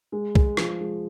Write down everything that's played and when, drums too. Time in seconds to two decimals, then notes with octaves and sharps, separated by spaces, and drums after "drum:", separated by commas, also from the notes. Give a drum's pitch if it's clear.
0.12 G#3
0.35 G#3, drum: kick
0.57 F3, drum: rim click
0.80 G#3